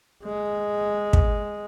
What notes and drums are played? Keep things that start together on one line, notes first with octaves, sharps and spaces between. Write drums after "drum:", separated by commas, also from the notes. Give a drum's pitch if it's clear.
G#3
drum: kick